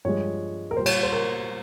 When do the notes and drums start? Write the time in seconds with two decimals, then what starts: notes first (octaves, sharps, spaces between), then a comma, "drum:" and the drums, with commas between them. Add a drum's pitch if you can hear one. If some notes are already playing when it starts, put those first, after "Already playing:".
0.05 G2 F3 G#3 C#5
0.71 A#4
0.77 A#2 G3 C5
0.86 C#5, drum: cymbal
1.03 C5
1.12 A#4